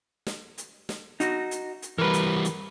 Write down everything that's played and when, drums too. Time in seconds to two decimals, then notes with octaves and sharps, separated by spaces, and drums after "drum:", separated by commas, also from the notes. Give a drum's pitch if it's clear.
0.27 drum: snare
0.58 drum: hi-hat
0.89 drum: snare
1.20 D#4 F#4, drum: hi-hat
1.51 drum: hi-hat
1.82 drum: hi-hat
1.98 E3 G3 A#4 B4
2.13 drum: hi-hat
2.45 drum: hi-hat